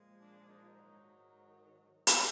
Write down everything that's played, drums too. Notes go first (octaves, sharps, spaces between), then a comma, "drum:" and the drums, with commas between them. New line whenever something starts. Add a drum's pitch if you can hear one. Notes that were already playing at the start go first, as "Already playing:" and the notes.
Already playing: A#2 F3 G#3
D4
D#4
G#2 D#3 F#3
drum: hi-hat